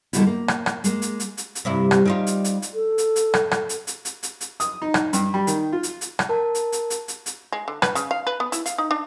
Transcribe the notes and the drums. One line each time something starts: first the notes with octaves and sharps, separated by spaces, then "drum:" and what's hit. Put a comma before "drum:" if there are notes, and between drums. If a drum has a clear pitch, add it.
D3 D#3 F3 G3 B3 E4, drum: hi-hat
A#3
drum: rim click
drum: rim click
G#3 A#3, drum: hi-hat
drum: hi-hat
drum: hi-hat
drum: hi-hat
drum: hi-hat
G2 C3 E4
drum: rim click
G3 D#4 F4
drum: hi-hat
drum: hi-hat
drum: hi-hat
A4
drum: hi-hat
drum: hi-hat
drum: rim click
drum: rim click
drum: hi-hat
drum: hi-hat
drum: hi-hat
drum: hi-hat
drum: hi-hat
D#6, drum: hi-hat
D#4
drum: rim click
G2, drum: hi-hat
G3
D#3, drum: hi-hat
F4
drum: hi-hat
drum: hi-hat
drum: rim click
A#4 A5
drum: hi-hat
drum: hi-hat
drum: hi-hat
drum: hi-hat
drum: hi-hat
G#3
D3
B4, drum: rim click
C#3, drum: hi-hat
F5
B4
B3
E4, drum: hi-hat
F5, drum: hi-hat
D#4
D4